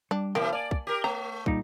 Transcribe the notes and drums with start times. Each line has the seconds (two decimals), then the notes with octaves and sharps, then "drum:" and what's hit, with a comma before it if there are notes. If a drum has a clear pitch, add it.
0.11 G3 D4
0.35 B2 E3 G3 A#3 G5
0.52 D5 F5 G#5
0.71 drum: kick
0.87 G4 A#4
1.04 A3 A#5
1.46 A#2 G3 D#4, drum: kick